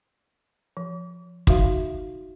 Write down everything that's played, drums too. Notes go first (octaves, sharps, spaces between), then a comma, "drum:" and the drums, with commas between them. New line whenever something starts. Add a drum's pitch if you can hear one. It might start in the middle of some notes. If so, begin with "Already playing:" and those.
F3
D#4 F#4 E5 F5, drum: kick